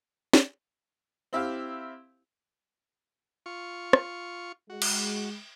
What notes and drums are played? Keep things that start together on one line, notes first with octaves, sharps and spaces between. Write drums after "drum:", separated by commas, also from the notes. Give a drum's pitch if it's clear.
drum: snare
C4 E4 G4 F5
F4 C#6
drum: rim click
G#3 F#4
drum: cymbal